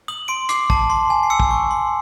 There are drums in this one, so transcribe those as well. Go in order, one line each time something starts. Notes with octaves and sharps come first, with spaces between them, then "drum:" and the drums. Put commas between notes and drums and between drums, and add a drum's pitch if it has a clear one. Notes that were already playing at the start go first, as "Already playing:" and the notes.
D#6 F#7
C6 D7
D6 C7, drum: hi-hat
A5, drum: kick
C6
G#5
C7
E6 C#7
drum: kick
C#6
C6